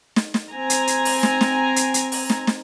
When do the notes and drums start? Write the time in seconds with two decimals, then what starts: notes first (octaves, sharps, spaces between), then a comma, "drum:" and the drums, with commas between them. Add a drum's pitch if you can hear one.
0.16 drum: snare
0.34 drum: snare
0.52 C4 G#5 A#5
0.70 drum: hi-hat
0.87 drum: hi-hat
1.05 drum: open hi-hat
1.23 drum: snare
1.41 drum: snare
1.76 drum: hi-hat
1.94 drum: hi-hat
2.12 drum: open hi-hat
2.30 drum: snare
2.47 drum: snare